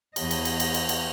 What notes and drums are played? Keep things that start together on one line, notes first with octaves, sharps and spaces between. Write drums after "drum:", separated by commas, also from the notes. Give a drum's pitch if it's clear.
E2 D#5, drum: cymbal
drum: cymbal
drum: cymbal
drum: cymbal
drum: cymbal
drum: cymbal